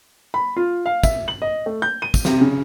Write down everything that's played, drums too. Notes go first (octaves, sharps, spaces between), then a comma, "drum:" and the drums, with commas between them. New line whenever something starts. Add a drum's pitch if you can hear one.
B5
F4
F5
E5, drum: kick, tambourine
F#7
D#5
A3
G6
D#7
drum: kick, tambourine
C3, drum: snare
C#3